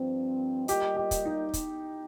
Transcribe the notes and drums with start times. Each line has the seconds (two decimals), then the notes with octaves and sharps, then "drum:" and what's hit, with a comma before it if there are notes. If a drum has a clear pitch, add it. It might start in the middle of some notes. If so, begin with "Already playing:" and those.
Already playing: G2 F3 C4
0.68 G3 A#3 F4 G4 D#5, drum: hi-hat
0.97 G4
1.11 drum: kick, hi-hat
1.25 D#4
1.54 drum: kick, hi-hat